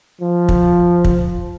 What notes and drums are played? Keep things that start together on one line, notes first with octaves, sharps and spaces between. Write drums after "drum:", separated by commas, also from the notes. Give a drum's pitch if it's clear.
F3
drum: kick
drum: kick